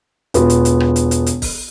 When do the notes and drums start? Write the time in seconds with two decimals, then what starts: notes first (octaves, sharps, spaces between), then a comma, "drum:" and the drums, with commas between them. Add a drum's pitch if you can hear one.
0.34 E1 B3 F4, drum: hi-hat
0.50 drum: hi-hat
0.65 drum: hi-hat
0.80 drum: rim click
0.96 drum: hi-hat
1.11 drum: hi-hat
1.26 drum: hi-hat
1.42 drum: kick, open hi-hat